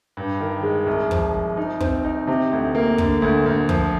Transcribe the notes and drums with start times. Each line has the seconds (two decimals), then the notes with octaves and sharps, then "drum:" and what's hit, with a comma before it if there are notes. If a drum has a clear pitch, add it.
0.17 G2
0.40 D#3
0.63 G#3
0.86 C2
1.11 F3, drum: kick
1.33 C2
1.57 D#4
1.80 C4, drum: kick
2.04 D#4
2.27 C3
2.52 D2
2.75 A#3
2.98 D3, drum: kick
3.22 D2
3.46 D2
3.69 F3, drum: kick